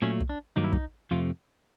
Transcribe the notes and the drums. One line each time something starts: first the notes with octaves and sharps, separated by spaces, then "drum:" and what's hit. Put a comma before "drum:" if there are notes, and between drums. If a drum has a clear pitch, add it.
A#2 F#3 A3 C#4
drum: kick
D4
G2 D#3 F#3 A#3 D#4
E4
D#4, drum: kick
F2 C3 F3 A3 F4